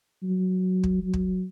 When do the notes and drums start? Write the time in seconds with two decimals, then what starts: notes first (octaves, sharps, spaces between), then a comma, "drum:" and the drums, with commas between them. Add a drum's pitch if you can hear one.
0.23 F#3
0.84 drum: kick
1.03 F#3
1.14 drum: kick